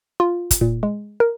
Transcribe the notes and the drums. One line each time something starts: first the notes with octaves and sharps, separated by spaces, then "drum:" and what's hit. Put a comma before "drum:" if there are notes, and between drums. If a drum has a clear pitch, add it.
F4
drum: kick, hi-hat
A#2
G#3
A#4